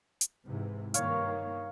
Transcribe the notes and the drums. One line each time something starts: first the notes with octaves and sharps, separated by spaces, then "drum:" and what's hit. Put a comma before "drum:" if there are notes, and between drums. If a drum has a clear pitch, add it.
drum: hi-hat
G#2 C3 E3
G2 D#3 A#3 C#5 F5, drum: hi-hat